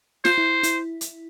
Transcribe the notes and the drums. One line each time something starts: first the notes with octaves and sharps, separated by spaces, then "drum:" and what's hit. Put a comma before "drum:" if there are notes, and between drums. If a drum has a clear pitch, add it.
F4 C5, drum: snare
E4
E4, drum: hi-hat
drum: hi-hat